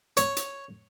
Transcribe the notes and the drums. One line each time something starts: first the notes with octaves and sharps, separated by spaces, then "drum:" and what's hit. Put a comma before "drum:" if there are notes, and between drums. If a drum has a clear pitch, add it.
C#5, drum: hi-hat
drum: hi-hat